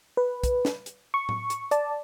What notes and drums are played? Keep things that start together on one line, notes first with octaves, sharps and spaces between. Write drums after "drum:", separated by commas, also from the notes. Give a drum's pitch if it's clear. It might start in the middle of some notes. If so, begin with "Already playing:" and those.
B4
drum: kick, hi-hat
drum: snare
drum: hi-hat
C#6
drum: tom A2
drum: hi-hat
D5 A5, drum: hi-hat